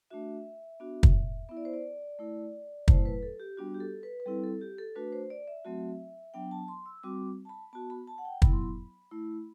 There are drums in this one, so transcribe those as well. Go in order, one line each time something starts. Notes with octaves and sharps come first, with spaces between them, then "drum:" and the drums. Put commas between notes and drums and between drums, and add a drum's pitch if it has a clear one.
A3 D4 F#4 E5
B3 D4 F#4
drum: kick
B3 E4 E5
D5
C5
D5
A3 E4
F#3 A3 E4 C5, drum: kick
B4
A4
G4
G3 B3 D4 F#4
G4
A4
B4
B4
G3 C4 E4 A4
A4
G4
A4
A3 D4 F#4 B4
C5
D5
E5
F#3 A3 C4 F#4
F#3 B3 D4 G5
A5
C6
E6
G3 C4 F#4 D6
A5
B5
B3 F#4 A5
B5
A5
F#5
G5
F#3 B3 E4 B5, drum: kick
C6
B5
A3 E4